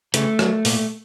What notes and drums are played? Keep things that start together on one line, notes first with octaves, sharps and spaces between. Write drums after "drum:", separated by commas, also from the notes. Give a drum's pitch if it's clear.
C#3 A3, drum: hi-hat
F#3, drum: rim click
A#2, drum: open hi-hat